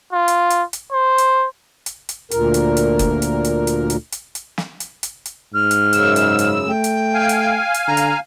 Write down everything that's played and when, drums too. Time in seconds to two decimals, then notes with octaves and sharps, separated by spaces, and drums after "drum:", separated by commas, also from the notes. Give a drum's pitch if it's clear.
0.13 F4
0.28 drum: hi-hat
0.50 drum: hi-hat
0.73 drum: hi-hat
0.92 C5
1.18 drum: hi-hat
1.86 drum: hi-hat
2.09 drum: hi-hat
2.31 D2 A#2 A#4, drum: hi-hat
2.54 drum: hi-hat
2.77 drum: hi-hat
2.99 drum: kick F#1, hi-hat
3.22 drum: hi-hat
3.44 drum: hi-hat
3.67 drum: hi-hat
3.90 drum: hi-hat
4.12 drum: hi-hat
4.35 drum: hi-hat
4.58 drum: snare
4.80 drum: hi-hat
5.03 drum: hi-hat
5.25 drum: hi-hat
5.54 G#2 F6
5.71 drum: hi-hat
5.93 F#2 C#3 E6, drum: hi-hat
6.16 drum: hi-hat
6.39 drum: hi-hat
6.68 A3 G5
6.84 drum: hi-hat
7.13 F5 G#5
7.29 drum: hi-hat
7.74 drum: hi-hat
7.88 D3 A#5
7.97 drum: hi-hat